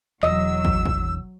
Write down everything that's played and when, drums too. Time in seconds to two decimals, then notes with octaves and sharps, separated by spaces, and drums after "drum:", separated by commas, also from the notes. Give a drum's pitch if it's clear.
0.23 E1 F#3 D#5 E6, drum: clap
0.65 drum: kick
0.86 drum: kick